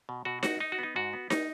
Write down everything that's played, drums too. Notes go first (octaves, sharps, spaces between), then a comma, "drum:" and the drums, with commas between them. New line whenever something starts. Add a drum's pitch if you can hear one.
B2
B2 F#4
D#4 F#4, drum: snare D#4
D#4
F#4
B3 D#4
G#2 F#4
B3
D#4, drum: snare D#4